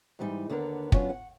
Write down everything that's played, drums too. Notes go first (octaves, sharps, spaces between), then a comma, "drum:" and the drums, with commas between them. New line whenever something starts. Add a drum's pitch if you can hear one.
G#2 E3 G3 D#4
D#2 D3 B3 D4 A#4
F#3 B3 C#4 D4 F4, drum: kick
F#5